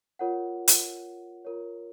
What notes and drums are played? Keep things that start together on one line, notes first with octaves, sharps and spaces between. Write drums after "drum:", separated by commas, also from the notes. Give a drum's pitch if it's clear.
F4 A#4 C#5 F#5
drum: hi-hat
F4 A#4 C#5